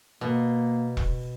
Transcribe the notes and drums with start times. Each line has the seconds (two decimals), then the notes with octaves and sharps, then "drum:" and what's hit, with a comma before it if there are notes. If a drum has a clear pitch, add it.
0.21 B2 A#3
0.97 drum: kick E1